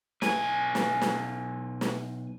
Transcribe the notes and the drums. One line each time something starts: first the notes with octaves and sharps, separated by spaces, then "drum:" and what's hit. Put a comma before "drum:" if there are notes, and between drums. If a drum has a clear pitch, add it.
B1 G#5, drum: snare
drum: snare
drum: snare
drum: snare